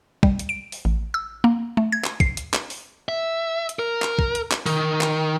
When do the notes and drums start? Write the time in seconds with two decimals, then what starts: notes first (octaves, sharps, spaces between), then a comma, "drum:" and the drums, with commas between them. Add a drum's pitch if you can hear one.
0.23 G3, drum: kick
0.39 drum: hi-hat
0.49 D7
0.72 drum: open hi-hat
0.85 A1
1.14 E6
1.44 A#3
1.77 A3
1.92 G#6
2.04 drum: clap
2.20 C7, drum: kick
2.37 drum: hi-hat
2.54 drum: clap
2.70 drum: open hi-hat
3.09 E5
3.69 drum: hi-hat
3.79 A#4
4.02 drum: clap
4.19 drum: kick
4.35 drum: hi-hat
4.52 drum: clap
4.66 D#3, drum: open hi-hat
5.01 drum: clap